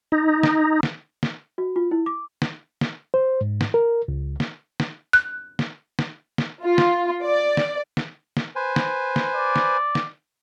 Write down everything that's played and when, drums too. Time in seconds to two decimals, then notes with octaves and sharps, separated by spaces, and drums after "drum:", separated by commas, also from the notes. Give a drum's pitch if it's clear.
0.12 D#4
0.43 drum: snare
0.83 drum: snare
1.23 drum: snare
1.58 F#4
1.76 F4
1.91 E4
2.06 D6
2.42 drum: snare
2.81 drum: snare
3.14 C5
3.41 G#2
3.61 drum: snare
3.74 A#4
4.08 C#2
4.40 drum: snare
4.80 drum: snare
5.13 F#6
5.59 drum: snare
5.99 drum: snare
6.38 drum: snare
6.63 F4
6.78 drum: snare
7.25 D5
7.57 drum: snare
7.97 drum: snare
8.37 drum: snare
8.56 B4 C5 G#5
8.76 drum: snare
9.16 drum: snare
9.35 D5
9.56 drum: snare
9.95 drum: snare